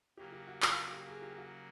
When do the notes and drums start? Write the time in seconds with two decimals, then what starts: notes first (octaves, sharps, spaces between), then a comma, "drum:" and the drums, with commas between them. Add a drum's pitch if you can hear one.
0.17 C#3 F#3 A#3 G4
0.32 G4
0.47 F#4
0.62 F4, drum: clap
0.77 F#4
0.93 G4
1.07 G#4
1.22 G4
1.37 F#4